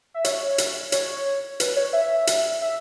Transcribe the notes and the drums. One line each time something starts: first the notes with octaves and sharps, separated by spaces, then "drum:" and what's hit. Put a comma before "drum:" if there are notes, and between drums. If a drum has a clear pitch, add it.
E5
C#5, drum: hi-hat
drum: hi-hat
C#5, drum: hi-hat
B4, drum: hi-hat
C#5
E5
drum: hi-hat
E5